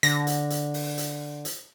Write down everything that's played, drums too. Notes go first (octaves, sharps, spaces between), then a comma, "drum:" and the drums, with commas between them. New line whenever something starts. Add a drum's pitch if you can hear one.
D3 A#6, drum: hi-hat
drum: hi-hat
drum: hi-hat
drum: open hi-hat
drum: hi-hat
drum: hi-hat